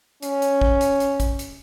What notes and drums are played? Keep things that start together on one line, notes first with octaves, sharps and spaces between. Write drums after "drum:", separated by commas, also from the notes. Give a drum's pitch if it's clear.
C#4, drum: hi-hat
drum: hi-hat
drum: kick
drum: hi-hat
drum: hi-hat
drum: kick, hi-hat
drum: hi-hat